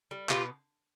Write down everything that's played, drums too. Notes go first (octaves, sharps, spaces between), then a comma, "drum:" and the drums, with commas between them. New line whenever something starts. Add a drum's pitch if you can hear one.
G3
B2 F4 G4, drum: clap